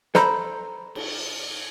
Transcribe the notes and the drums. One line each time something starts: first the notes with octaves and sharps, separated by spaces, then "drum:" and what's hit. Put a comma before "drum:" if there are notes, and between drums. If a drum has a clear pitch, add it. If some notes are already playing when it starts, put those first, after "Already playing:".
A4 C5 A#5 B5, drum: snare
drum: cymbal